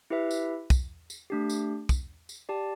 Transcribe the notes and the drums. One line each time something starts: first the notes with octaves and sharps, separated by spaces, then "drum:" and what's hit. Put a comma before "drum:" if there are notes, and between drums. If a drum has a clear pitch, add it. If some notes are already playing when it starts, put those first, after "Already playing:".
E4 G4 B4 E5
drum: tambourine
drum: kick, tambourine
drum: tambourine
A3 D4 G4
drum: tambourine
drum: kick, tambourine
drum: tambourine
G4 D5 A5